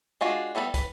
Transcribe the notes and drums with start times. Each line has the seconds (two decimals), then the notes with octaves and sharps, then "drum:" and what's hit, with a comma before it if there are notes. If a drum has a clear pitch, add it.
0.21 G#3 D4 F4 F#4
0.55 G3 B3 A4 B4 B5
0.74 B4, drum: kick, hi-hat